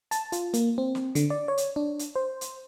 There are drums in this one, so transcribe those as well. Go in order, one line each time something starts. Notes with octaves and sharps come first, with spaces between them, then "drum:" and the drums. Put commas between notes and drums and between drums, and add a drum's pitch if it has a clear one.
A5, drum: hi-hat
F4, drum: hi-hat
A#3, drum: hi-hat
C4
drum: snare
D3, drum: hi-hat
D5
C#5
drum: hi-hat
D4
drum: hi-hat
C5
drum: hi-hat